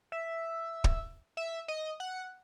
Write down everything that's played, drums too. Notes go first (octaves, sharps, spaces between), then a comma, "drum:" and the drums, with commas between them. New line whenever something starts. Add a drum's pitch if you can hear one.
E5
drum: kick
E5
D#5
F#5